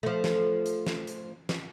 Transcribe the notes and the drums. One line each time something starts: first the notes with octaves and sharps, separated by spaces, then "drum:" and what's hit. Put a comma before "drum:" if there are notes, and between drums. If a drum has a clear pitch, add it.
F3 A3
drum: snare
drum: hi-hat
drum: snare
drum: hi-hat
drum: snare